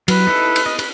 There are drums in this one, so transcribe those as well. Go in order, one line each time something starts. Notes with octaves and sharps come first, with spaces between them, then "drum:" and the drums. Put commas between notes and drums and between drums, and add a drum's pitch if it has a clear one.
F#3 B4, drum: cymbal
D#4 E4 A4
drum: cymbal
D#5
B4 B5, drum: cymbal